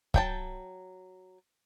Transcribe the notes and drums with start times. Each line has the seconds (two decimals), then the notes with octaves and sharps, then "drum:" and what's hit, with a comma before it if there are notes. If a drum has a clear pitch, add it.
0.14 F#3 G5 A5, drum: kick C#1